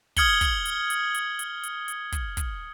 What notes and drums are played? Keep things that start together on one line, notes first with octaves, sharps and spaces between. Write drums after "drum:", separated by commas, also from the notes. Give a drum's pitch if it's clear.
D#6 F6 G#6 C#7 F#7 G7, drum: kick, hi-hat
drum: kick, hi-hat
drum: hi-hat
drum: hi-hat
drum: hi-hat
drum: hi-hat
drum: hi-hat
drum: hi-hat
drum: kick, hi-hat
drum: kick, hi-hat